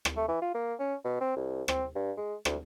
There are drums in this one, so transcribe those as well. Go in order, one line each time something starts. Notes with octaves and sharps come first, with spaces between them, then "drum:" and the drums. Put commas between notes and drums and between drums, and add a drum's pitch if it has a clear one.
drum: rim click
A3
E3
F4
A#3
C#4
B2
C4
C2
C4, drum: rim click
G2
G#3
D2, drum: rim click